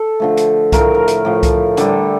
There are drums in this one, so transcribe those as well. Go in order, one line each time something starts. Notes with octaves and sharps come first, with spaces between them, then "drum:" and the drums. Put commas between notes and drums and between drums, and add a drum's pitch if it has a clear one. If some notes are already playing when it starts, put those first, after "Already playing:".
Already playing: A4
D3 F3 A3
drum: hi-hat
A2 F3 A3 A#4, drum: kick C2, hi-hat
A#4
drum: hi-hat
A2 F3 A3
drum: kick C2, hi-hat
D3 G3 A4, drum: hi-hat